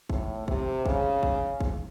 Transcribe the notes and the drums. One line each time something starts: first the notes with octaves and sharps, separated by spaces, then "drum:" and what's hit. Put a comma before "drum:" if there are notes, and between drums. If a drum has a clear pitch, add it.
A2, drum: kick
C3, drum: kick
C#3, drum: kick
drum: kick
drum: kick